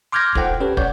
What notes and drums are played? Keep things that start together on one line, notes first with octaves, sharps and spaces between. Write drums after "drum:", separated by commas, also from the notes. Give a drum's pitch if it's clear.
C6 D6 F6 G6 G#6 A#6
D#4 F4 A4 C5 F#5 G5, drum: kick
C#4 G4 A4 B4 C#5
C#5 D5 F#5 G6, drum: kick